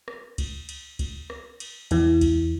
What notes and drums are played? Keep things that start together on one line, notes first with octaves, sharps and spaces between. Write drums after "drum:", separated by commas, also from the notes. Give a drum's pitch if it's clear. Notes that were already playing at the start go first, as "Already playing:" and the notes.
drum: rim click
drum: kick C#2, cymbal
drum: cymbal
drum: kick C#2, cymbal
drum: rim click
drum: cymbal
E2 E3, drum: cymbal
drum: kick C#2, cymbal